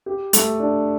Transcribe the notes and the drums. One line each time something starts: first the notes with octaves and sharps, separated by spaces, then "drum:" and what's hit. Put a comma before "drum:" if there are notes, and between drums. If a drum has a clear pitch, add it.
G4
A3, drum: hi-hat
D4